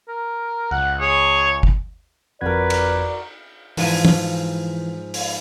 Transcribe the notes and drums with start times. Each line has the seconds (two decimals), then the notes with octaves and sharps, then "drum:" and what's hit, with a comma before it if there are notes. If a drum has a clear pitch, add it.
0.08 A#4
0.71 C#2 F#5
1.01 G#4 C#5
1.63 drum: kick
2.41 G1 F2 F#4 A#4 B4 D5 G#6
2.70 drum: cymbal
3.77 G#2 E3 F3 G#5, drum: open hi-hat
4.05 drum: tom
5.14 drum: open hi-hat